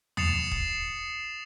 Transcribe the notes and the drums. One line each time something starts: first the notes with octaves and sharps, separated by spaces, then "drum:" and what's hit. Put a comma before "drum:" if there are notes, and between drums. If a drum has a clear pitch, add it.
D#6 A6 C7 C#7 E7 F7, drum: tom
drum: kick